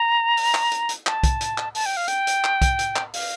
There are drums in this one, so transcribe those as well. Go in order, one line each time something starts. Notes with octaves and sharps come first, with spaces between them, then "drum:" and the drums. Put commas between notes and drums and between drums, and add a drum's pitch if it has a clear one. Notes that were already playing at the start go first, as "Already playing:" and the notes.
Already playing: A#5
drum: open hi-hat
drum: clap
drum: hi-hat
drum: hi-hat
A5, drum: clap
drum: kick B1, hi-hat
drum: hi-hat
drum: clap
A5, drum: open hi-hat
G5
F5
G5, drum: hi-hat
drum: hi-hat
drum: clap
drum: kick B1, hi-hat
drum: hi-hat
drum: clap
F5, drum: open hi-hat